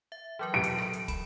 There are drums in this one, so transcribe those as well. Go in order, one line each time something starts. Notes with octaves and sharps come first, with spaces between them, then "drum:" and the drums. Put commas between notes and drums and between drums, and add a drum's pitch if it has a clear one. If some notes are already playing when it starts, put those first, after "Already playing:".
E5
E3 F#3 A#4
D7
drum: hi-hat
drum: rim click
drum: hi-hat
B5, drum: kick, hi-hat